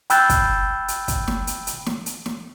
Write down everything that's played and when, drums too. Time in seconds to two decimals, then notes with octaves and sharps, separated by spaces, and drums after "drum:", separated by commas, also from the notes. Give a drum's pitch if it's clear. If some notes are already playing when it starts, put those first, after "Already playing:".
0.10 G5 B5 E6 F#6 G6 A6, drum: hi-hat
0.29 drum: kick, hi-hat
0.88 drum: hi-hat
1.08 drum: kick, hi-hat
1.28 drum: snare
1.47 drum: hi-hat
1.67 drum: hi-hat
1.86 drum: snare
2.06 drum: hi-hat
2.26 drum: snare